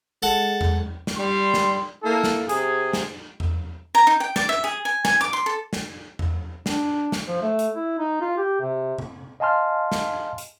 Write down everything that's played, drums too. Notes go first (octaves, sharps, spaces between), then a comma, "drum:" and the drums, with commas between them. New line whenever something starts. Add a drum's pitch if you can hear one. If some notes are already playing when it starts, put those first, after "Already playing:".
G#3 A4 F#5 A5
drum: tom E2
drum: snare
G3 C6
drum: snare
A#3 E4 A4
drum: snare
C3 C4 G#4, drum: hi-hat
drum: snare
drum: tom E2
A#5
D#4
G5
D5, drum: snare
E5
G#4
G#5
G#5, drum: snare
D6
C6
A4
drum: snare
drum: tom E2
D4, drum: snare
drum: snare
F3
A3
drum: hi-hat
E4
D#4
F4
G4
C3
drum: tom C3
D#5 F5 G#5 A5 C6 F6
drum: snare
drum: hi-hat